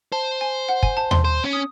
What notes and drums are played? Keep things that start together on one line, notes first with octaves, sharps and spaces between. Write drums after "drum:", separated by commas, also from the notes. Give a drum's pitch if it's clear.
C5 A5
G#5
F#5
G#5, drum: kick
A5
C6, drum: tom D#2
C5
C#4
D#6